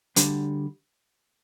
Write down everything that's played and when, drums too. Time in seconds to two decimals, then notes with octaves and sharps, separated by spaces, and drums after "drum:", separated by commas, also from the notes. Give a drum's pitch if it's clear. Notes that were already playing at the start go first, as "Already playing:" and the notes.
0.16 D2 D3 G3, drum: hi-hat